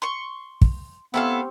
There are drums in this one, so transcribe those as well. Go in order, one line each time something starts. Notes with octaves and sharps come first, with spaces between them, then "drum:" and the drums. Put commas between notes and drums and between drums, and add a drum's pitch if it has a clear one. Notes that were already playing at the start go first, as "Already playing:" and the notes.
C6 C#6
drum: kick
B3 C4 E4 G4 A4 F5 C#6